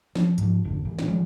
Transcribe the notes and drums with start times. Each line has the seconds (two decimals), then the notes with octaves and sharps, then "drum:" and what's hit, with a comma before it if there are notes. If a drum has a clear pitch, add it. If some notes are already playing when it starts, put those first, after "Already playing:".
0.15 F3, drum: snare
0.38 G#2 F3, drum: hi-hat
0.64 G#1 F2 D3
0.85 A#2 E3
0.99 drum: snare
1.08 A#2 E3 F3 G#3